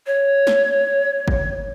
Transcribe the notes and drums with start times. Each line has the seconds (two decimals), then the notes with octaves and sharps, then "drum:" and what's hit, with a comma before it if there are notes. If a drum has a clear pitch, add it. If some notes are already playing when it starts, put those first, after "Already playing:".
0.07 C#5
0.47 drum: snare
1.28 drum: kick